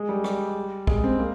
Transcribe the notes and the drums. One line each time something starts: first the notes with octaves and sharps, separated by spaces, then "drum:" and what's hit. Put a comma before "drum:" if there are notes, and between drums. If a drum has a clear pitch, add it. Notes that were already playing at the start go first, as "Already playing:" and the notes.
Already playing: G#3
G3
G3, drum: rim click
G#3, drum: kick B1
C4
A#3